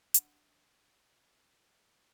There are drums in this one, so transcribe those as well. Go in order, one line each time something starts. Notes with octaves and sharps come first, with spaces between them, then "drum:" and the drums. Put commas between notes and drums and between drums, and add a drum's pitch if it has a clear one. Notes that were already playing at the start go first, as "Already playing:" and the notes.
D4 F#5, drum: hi-hat